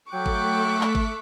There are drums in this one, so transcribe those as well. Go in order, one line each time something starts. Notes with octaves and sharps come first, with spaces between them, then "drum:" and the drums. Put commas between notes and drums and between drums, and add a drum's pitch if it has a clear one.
F#3 A3 A4 G5 C#6 D6 F#6 B6
drum: kick G#1
drum: clap
drum: kick G#1